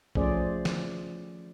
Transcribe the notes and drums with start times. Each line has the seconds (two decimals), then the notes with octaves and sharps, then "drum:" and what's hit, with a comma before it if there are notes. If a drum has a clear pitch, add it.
0.15 F3 A3 C#4 G#4 C5 D5, drum: kick
0.65 drum: snare